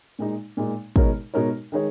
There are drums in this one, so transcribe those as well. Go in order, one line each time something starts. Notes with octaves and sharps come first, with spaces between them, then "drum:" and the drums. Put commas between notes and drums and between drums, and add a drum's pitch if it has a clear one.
A#2 G#3 D#4
A#2 G#3 D#4
B2 G#3 D#4 A#4 C#5, drum: kick
B2 G#3 D#4 A#4 C#5
D#3 G#3 D#4 G#4 C#5